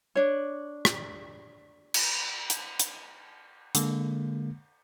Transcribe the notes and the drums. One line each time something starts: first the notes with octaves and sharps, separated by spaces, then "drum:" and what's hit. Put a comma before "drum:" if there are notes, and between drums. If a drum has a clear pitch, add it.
D4 C#5
drum: rim click
drum: cymbal
drum: hi-hat
drum: hi-hat
D3 G#3 A#3, drum: hi-hat